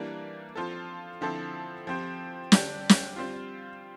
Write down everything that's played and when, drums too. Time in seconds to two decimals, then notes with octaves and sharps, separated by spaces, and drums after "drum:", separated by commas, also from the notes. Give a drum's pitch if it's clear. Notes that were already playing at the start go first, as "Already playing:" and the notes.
Already playing: E3 G3 A#3 D4
0.55 F3 C4 F4 A4
1.21 D3 F3 C4 E4 A4
1.87 F3 C4 G4
2.52 D3 G3 D4 G4, drum: snare
2.89 drum: snare
3.16 G3 C4 F4